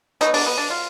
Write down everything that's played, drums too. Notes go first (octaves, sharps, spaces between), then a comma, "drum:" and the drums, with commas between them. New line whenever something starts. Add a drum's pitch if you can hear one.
B2 F#3 B3 D#4, drum: hi-hat
D4, drum: open hi-hat
B3
D4
F4